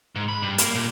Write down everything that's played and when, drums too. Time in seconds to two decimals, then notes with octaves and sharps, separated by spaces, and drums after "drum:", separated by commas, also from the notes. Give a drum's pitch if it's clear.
0.15 G#2
0.28 B5
0.42 G2
0.58 A#3, drum: hi-hat
0.75 A#2